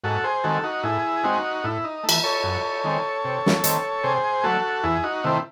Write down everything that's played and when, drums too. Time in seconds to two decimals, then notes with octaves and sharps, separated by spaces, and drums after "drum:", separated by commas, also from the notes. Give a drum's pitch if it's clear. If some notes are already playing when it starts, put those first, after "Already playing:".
0.04 G#2 F#4 A4
0.24 G#4 C5
0.44 D#3 G#3 C4 F#4 A4
0.64 D#4 F#4
0.83 A2 E4 G#4
1.24 G#3 C4 D#4 F#4
1.64 A2 E4
1.84 D#4
2.04 A3
2.09 E3, drum: cymbal
2.24 A4 C#5
2.43 F#2
2.84 D#3 G#3 C4
3.24 C3
3.46 drum: snare
3.64 D#3 A3 C4, drum: hi-hat
4.03 C3 G#4 C5
4.44 F#3 A3 F#4 A4
4.83 E2 E4 G#4
5.04 D#4 F#4
5.24 C3 D#3 A3 C4 E4